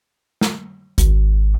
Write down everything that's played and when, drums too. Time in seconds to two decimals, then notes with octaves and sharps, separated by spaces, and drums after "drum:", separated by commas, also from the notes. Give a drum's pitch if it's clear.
0.41 drum: snare
0.98 G#1, drum: kick C2, hi-hat